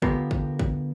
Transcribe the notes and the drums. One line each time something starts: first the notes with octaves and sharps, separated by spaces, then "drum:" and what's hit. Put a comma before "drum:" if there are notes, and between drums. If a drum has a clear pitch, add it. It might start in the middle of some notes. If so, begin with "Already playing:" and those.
D3 B3 F4 G4 A#4, drum: kick
drum: kick
drum: kick